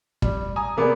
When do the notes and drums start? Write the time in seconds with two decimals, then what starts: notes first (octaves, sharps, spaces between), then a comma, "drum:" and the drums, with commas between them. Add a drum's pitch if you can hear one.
0.22 G3, drum: kick
0.56 G#5 A#5 D#6
0.77 C3 A#3 B3 G#4 D5